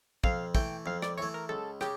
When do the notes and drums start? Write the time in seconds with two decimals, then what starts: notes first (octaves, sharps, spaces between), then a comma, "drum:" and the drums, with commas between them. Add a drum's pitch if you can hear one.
0.24 F2 F5, drum: kick
0.55 E3 A3 G5, drum: kick
0.86 F2 F5
1.02 D5, drum: rim click
1.17 E3 A3 C#5
1.34 A#4
1.49 C#2 A4
1.81 C#3 G4, drum: rim click